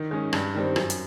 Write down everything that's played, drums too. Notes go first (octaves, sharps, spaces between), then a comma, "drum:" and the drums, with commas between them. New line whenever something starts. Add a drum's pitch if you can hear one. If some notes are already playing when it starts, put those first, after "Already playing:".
Already playing: D#3
G#3 C#4
G2, drum: rim click
D#3 G3 C4
F#2, drum: rim click
drum: hi-hat